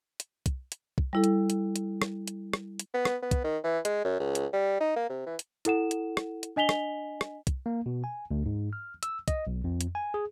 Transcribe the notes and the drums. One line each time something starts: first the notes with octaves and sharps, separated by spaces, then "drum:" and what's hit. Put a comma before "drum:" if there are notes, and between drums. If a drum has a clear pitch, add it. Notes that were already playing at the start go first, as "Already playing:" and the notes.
drum: hi-hat
drum: kick, hi-hat
drum: hi-hat
drum: kick
G3 E4 A4
drum: hi-hat
drum: hi-hat
drum: hi-hat
drum: rim click
drum: hi-hat
drum: rim click
drum: hi-hat
B3
drum: rim click
B3
drum: kick, hi-hat
D#3
E3
G#3, drum: hi-hat
F#2
C#2
drum: hi-hat
G3
D#4
A#3
C3
E3
drum: hi-hat
E4 A4 F#5 E7, drum: hi-hat
drum: hi-hat
drum: rim click
drum: hi-hat
D4 D#5 G#5 B6 F7 G7
drum: rim click
drum: rim click
drum: kick, hi-hat
A#3
B2
G#5
D2
G#2
F6
E6, drum: hi-hat
D#5, drum: kick, hi-hat
B1
F2
drum: hi-hat
G#5
G#4